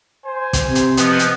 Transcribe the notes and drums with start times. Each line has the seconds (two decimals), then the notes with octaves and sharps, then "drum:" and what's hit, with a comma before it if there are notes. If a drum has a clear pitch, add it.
0.24 C5 G#5
0.53 drum: kick, hi-hat
0.65 C3
0.75 drum: hi-hat
0.97 F3 B3 B4 D#5, drum: hi-hat
1.19 drum: hi-hat